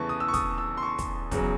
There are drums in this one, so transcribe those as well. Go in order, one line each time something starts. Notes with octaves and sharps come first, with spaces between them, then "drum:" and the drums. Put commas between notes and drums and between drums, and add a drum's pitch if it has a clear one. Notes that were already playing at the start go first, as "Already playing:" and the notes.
Already playing: E2 C#3 E3 A3 A5 C#6
D#6
E6
C#6
D#6, drum: kick, hi-hat
E6
C6
C#6
drum: kick, hi-hat
E2 C#3 F#3, drum: kick, hi-hat